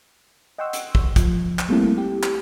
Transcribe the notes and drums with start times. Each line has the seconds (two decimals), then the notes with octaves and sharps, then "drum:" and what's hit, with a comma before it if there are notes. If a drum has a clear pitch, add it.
0.58 D#5 F#5 G5 C6 C#6 E6
0.73 drum: hi-hat
0.95 drum: kick
1.16 F3, drum: kick, hi-hat
1.59 drum: clap
1.69 G3 A3 A#3 C4 E4 A4
1.98 G4
2.23 drum: clap